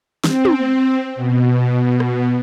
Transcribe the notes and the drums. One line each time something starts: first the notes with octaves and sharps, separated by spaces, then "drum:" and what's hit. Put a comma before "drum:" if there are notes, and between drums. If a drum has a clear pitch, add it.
C4, drum: snare
drum: tom
B2
drum: rim click